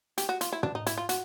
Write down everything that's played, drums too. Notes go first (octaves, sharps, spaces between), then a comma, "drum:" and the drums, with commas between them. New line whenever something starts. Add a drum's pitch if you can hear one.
G4, drum: hi-hat
F#4
F4, drum: hi-hat
E4
D4, drum: tom
D#4
E4, drum: hi-hat
F4
F#4, drum: hi-hat